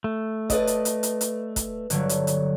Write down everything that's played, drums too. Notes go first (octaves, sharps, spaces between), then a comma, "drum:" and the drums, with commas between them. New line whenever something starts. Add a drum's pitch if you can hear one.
A3
B4 D5 D#5 A5, drum: kick, hi-hat
drum: hi-hat
drum: hi-hat
drum: hi-hat
drum: hi-hat
drum: kick, hi-hat
G1 D3 F#3, drum: hi-hat
drum: hi-hat
drum: hi-hat